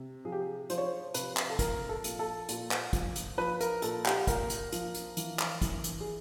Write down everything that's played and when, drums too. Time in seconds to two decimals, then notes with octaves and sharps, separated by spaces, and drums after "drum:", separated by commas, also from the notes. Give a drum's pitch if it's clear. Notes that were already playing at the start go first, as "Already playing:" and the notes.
Already playing: C3
0.25 F3 G#4
0.32 G4
0.40 G#4
0.70 F3 C5, drum: hi-hat
0.78 C#5
0.86 C5
1.14 C3 B4, drum: hi-hat
1.37 drum: clap
1.50 A4
1.59 F3 A#4, drum: kick, hi-hat
1.89 A4
2.04 A#2, drum: hi-hat
2.19 A4
2.49 A#2, drum: hi-hat
2.71 drum: clap
2.93 F3, drum: kick, hi-hat
3.16 drum: hi-hat
3.38 F3 B4
3.61 A#4, drum: hi-hat
3.82 A#2 A4, drum: hi-hat
4.06 G4, drum: clap
4.27 A#2 A#4, drum: kick, hi-hat
4.50 drum: hi-hat
4.72 F3, drum: hi-hat
4.95 drum: hi-hat
5.17 E3, drum: hi-hat
5.39 drum: clap
5.62 E3, drum: kick, hi-hat
5.84 drum: hi-hat
6.00 G#4